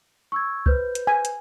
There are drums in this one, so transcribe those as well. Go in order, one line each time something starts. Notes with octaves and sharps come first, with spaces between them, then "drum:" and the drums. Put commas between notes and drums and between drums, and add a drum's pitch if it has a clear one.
C#6 E6 G#6
B4 C5 G6, drum: kick C2
drum: hi-hat
G#5
drum: hi-hat